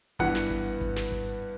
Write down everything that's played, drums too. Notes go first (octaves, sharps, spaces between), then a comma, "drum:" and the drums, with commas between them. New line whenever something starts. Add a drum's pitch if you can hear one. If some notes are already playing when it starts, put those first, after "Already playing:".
G2 E3 B3 F#5, drum: kick G#1, hi-hat
drum: snare
drum: kick G#1, hi-hat
drum: hi-hat
drum: kick G#1, hi-hat
drum: snare
drum: kick G#1, hi-hat
drum: hi-hat